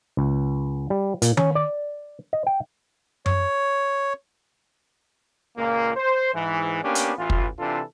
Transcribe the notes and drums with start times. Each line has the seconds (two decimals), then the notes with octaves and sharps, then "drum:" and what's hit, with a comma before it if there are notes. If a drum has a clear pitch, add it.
0.17 C#2
0.90 G3
1.22 A#2, drum: hi-hat
1.37 C#4, drum: tom D#3
1.55 D5
2.33 D#5
2.47 G5
3.26 C#5, drum: tom F#2
5.57 C#2 A#2 A#3
5.96 C5
6.34 G#2 E3
6.83 A#3 B3 C#4 D4 G4
6.95 drum: hi-hat
7.18 A1 E3 F4
7.30 drum: kick
7.59 C3 E3 D4 F4 A4